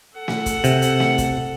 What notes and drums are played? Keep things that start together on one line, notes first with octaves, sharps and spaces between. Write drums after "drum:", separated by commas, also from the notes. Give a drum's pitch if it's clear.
A4 F#5
drum: snare
drum: kick, hi-hat
C3, drum: hi-hat
drum: hi-hat
drum: snare
drum: kick, hi-hat